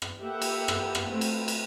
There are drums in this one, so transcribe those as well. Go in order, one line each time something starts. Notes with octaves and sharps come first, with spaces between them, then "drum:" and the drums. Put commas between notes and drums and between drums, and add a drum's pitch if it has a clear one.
drum: rim click
A#3 G4 A4 B4 E5 F#5
drum: cymbal
drum: rim click
drum: rim click
A3 C4 F#4 B4
drum: cymbal
drum: cymbal